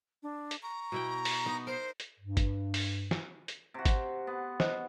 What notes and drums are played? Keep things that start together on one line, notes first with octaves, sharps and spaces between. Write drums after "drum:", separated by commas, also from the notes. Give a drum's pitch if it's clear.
D4
drum: hi-hat
A#5 C#6
B2 E4 G5
drum: open hi-hat
B3 D#4
A#4 C5
drum: hi-hat
G2
drum: kick G#1, hi-hat
drum: open hi-hat
drum: snare
drum: hi-hat
C3 F#4
drum: kick G#1, hi-hat
B3
C5 D#5, drum: snare